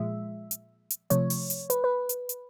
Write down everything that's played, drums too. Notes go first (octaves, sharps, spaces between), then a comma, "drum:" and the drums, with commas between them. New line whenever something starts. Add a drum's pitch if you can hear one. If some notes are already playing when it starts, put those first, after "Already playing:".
Already playing: A#2 F3 G#3 E5
drum: hi-hat
drum: hi-hat
C3 F3 A3 C#5, drum: hi-hat
drum: open hi-hat
drum: hi-hat
B4, drum: hi-hat
B4
drum: hi-hat
drum: hi-hat